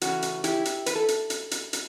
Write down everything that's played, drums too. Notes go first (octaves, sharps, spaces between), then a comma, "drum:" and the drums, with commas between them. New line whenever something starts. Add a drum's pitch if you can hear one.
C#3 E3 A3 C#4 F#4, drum: hi-hat
drum: hi-hat
E4 G4, drum: hi-hat
drum: hi-hat
B4, drum: hi-hat
A4
drum: hi-hat
drum: hi-hat
drum: hi-hat
drum: hi-hat